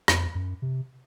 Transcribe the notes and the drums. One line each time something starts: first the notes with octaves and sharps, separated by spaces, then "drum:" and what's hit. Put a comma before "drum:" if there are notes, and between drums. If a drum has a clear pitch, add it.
F2, drum: rim click
F#2
C3